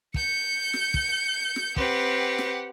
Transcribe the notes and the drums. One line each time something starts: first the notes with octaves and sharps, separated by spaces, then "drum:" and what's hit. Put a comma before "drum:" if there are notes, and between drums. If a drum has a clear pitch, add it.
G6 C#7, drum: kick
drum: snare
drum: kick
drum: snare
C4 G4 B4 F#5, drum: kick
drum: snare